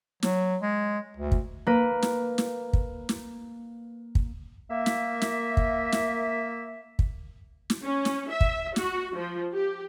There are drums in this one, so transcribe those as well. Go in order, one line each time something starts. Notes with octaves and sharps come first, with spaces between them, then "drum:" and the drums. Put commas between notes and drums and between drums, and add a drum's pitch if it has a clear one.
F#3, drum: snare
G#3
D2
drum: kick
A#3 B4
drum: snare
drum: snare
drum: kick
drum: snare
drum: kick
A#3 E5
drum: snare
drum: snare
drum: kick
drum: snare
drum: kick
drum: snare
C#4
drum: snare
E5
drum: kick
F#4, drum: snare
F3
G4